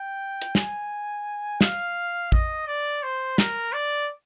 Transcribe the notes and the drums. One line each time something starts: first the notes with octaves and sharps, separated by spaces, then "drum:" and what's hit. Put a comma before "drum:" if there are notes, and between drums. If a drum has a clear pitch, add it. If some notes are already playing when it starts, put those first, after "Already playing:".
Already playing: G5
drum: hi-hat
G#5, drum: snare
F5, drum: snare
D#5, drum: kick
D5
C5
A#4, drum: snare
D5